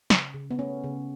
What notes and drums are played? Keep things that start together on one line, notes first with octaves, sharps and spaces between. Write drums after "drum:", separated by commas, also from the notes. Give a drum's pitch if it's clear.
C#3, drum: snare
C#3
B3
A3 C#4
C#3